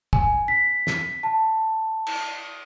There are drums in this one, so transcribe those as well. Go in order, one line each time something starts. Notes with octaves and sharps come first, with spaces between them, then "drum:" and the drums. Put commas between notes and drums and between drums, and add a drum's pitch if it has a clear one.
G#5, drum: kick
B6
drum: snare
A5
drum: cymbal